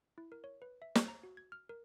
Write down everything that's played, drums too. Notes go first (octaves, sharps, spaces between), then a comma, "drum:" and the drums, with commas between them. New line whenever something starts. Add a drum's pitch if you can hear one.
E4
A#4
C#5
B4
E5
C5, drum: snare
A#5
F#4
G#6
F6
A#4